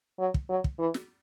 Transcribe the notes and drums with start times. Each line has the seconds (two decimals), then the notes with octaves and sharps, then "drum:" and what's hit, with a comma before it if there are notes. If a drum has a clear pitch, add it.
0.19 F#3
0.34 drum: kick
0.49 F#3
0.64 drum: kick
0.79 E3
0.94 drum: snare